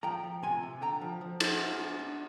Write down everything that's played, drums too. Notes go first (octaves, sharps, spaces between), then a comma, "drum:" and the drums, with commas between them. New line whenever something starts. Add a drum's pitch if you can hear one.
F3 G5 A#5
F3
C3 G#5 C6
C3
D3 G5 A#5
F3
F3
D#4, drum: cymbal
F4
D4
D4